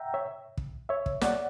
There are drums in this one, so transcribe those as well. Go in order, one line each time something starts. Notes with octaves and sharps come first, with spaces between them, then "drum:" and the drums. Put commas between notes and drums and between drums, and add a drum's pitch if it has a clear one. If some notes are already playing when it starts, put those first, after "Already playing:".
Already playing: E5 F#5 G5 A#5
C#5 E5
drum: kick
C#5 E5
drum: kick
D5 F#5, drum: snare